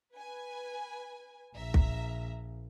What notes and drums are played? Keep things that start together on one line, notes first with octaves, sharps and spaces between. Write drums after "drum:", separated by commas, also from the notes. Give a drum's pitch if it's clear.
B4 G#5
A#1 E5 A#5
drum: kick